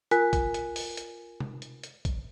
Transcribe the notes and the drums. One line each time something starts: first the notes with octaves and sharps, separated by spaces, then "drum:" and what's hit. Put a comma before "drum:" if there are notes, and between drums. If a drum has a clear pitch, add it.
F4 A#4 G#5 F#6 B6, drum: hi-hat
drum: kick, hi-hat
drum: hi-hat
drum: open hi-hat
drum: hi-hat
drum: tom C3
drum: hi-hat
drum: hi-hat
drum: kick, hi-hat